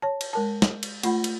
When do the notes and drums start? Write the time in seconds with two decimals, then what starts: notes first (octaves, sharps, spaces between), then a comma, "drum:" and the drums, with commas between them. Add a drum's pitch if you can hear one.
0.02 C#5 A5
0.21 drum: cymbal
0.33 G#3 A#4 A5
0.62 drum: snare
0.83 drum: cymbal
1.03 A3 F4 F#5 B5, drum: cymbal
1.24 drum: cymbal